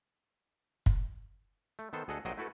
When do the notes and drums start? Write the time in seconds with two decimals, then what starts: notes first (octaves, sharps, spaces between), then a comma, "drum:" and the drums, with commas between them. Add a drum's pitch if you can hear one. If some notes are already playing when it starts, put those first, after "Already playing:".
0.86 drum: kick
1.79 A3
1.93 D#3 B3 A4 C5
2.08 D2 G#4 A4 D#5 F#5 A5
2.25 A#1 F#3 C5 D#5 F#5 G5
2.38 A3 E4 F#4 A4 B4